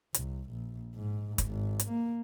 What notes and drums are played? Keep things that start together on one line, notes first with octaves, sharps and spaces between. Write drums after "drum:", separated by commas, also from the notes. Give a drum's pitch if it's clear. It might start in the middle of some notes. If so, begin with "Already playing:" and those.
C2, drum: hi-hat
A#1
G#2
drum: kick, hi-hat
G#1
drum: hi-hat
A#3